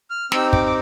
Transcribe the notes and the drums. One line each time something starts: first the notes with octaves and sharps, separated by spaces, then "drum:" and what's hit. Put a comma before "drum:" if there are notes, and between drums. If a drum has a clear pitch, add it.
F6
C4 D#4 G4 E6, drum: snare
D6, drum: kick
D6